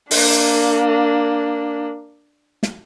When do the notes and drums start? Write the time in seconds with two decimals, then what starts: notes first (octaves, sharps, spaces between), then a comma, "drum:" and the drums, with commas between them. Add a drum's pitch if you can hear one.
0.11 A#3 D4, drum: open hi-hat
2.63 drum: snare